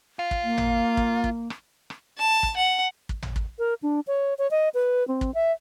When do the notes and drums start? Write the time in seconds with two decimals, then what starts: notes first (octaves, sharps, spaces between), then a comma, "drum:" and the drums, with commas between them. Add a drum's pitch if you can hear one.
0.19 F4
0.31 drum: kick
0.44 A#3
0.58 drum: tom
0.97 drum: kick
1.24 drum: kick
1.50 drum: rim click
1.90 drum: rim click
2.18 A5
2.43 drum: kick
2.57 F#5
3.09 drum: kick
3.22 drum: tom
3.36 drum: kick
3.59 A#4
3.83 D4
4.07 C#5
4.39 C#5
4.51 D#5
4.74 B4
5.08 C4
5.21 drum: kick
5.34 E5